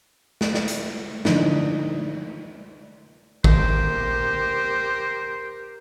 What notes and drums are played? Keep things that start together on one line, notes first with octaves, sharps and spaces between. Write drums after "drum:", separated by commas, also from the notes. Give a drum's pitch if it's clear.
drum: snare
drum: snare
drum: hi-hat
D3 E3 F3 D4 D#4, drum: snare
G#1 G4 A#4 C5, drum: kick